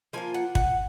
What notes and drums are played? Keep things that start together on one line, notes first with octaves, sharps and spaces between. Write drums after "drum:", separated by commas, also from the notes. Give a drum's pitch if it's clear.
F3 A#3 F4 G#5
F#5
F#5, drum: kick